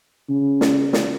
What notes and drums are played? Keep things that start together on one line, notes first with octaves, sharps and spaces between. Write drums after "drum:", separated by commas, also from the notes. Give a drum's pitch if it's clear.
C#3
drum: snare
drum: snare